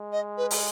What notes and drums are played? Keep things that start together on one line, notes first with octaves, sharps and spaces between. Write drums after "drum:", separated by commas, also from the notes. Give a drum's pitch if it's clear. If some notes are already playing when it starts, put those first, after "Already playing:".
Already playing: G#3
D#5
B4
drum: open hi-hat